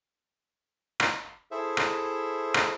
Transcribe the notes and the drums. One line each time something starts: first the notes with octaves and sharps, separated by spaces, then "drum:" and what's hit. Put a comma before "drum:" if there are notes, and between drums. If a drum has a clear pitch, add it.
drum: rim click
E4 G#4 A4 C5 E5
drum: rim click
drum: rim click